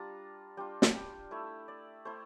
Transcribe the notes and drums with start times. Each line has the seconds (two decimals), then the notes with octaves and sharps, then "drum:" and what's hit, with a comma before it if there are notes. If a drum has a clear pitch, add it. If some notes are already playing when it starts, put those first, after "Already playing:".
Already playing: G3 D4 F4 A#5
0.57 G3 D4 F4 G5
0.82 drum: snare
0.94 G5
1.31 A3 E4 E5
1.68 D5
2.05 A3 E4 C5